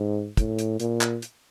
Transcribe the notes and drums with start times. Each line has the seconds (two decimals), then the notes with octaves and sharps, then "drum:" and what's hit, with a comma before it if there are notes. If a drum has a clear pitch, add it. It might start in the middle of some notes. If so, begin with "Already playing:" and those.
Already playing: G#2
0.37 A2, drum: kick, hi-hat
0.59 drum: hi-hat
0.80 A#2, drum: hi-hat
1.01 drum: clap
1.22 drum: hi-hat